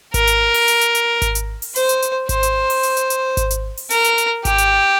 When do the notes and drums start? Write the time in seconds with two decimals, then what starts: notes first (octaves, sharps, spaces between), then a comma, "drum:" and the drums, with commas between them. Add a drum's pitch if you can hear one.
0.14 A#4, drum: kick G#1, hi-hat
0.27 drum: hi-hat
0.54 drum: open hi-hat
0.68 drum: hi-hat
0.81 drum: hi-hat
0.95 drum: hi-hat
1.22 drum: kick G#1, hi-hat
1.35 drum: hi-hat
1.62 drum: open hi-hat
1.76 C5, drum: hi-hat
1.89 drum: hi-hat
2.02 drum: hi-hat
2.29 C5, drum: kick G#1, hi-hat
2.43 drum: hi-hat
2.70 drum: open hi-hat
2.83 drum: hi-hat
2.97 drum: hi-hat
3.10 drum: hi-hat
3.37 drum: kick G#1, hi-hat
3.51 drum: hi-hat
3.77 drum: open hi-hat
3.90 A#4, drum: hi-hat
4.04 drum: hi-hat
4.18 drum: hi-hat
4.45 G4, drum: kick G#1, hi-hat
4.58 drum: hi-hat